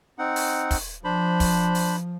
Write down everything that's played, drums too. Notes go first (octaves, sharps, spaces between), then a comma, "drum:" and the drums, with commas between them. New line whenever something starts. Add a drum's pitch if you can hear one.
C4 D#4 F#5
drum: open hi-hat
drum: kick, open hi-hat
F3 D4 C5 B5
drum: kick, open hi-hat
drum: open hi-hat